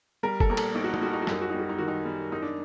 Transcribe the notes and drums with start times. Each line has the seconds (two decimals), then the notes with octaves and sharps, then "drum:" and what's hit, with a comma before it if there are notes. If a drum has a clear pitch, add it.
0.23 G3 A#4
0.40 A4, drum: kick
0.49 A#1 A#4
0.57 A4, drum: cymbal
0.75 A#1 D#4
0.84 F#4
0.94 D#4, drum: tom G3
1.01 G3 F#4
1.13 D#4
1.22 F#4
1.27 F#2 D#4, drum: snare
1.41 F#4
1.50 D#4
1.54 G3
1.59 F#4
1.69 D#4
1.78 D#3 F#4
1.88 D#4
2.05 G3
2.32 F#2 D#4
2.42 D4